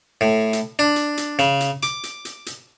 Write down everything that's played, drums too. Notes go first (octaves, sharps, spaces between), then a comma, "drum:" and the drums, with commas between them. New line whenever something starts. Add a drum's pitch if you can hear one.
A2
drum: hi-hat
D4
drum: hi-hat
drum: hi-hat
C#3, drum: hi-hat
drum: hi-hat
D6, drum: hi-hat
drum: hi-hat
drum: hi-hat
drum: hi-hat